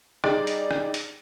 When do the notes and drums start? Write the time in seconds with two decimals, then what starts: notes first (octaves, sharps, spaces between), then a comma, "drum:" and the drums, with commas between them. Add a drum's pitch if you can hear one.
0.24 G3 D#4 G#4 D5, drum: rim click
0.47 drum: hi-hat
0.71 drum: rim click
0.94 drum: hi-hat